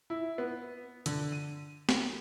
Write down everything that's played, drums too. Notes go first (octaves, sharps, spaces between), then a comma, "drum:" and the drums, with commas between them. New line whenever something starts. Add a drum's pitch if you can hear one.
E4
B3
D3, drum: hi-hat
D#7
drum: snare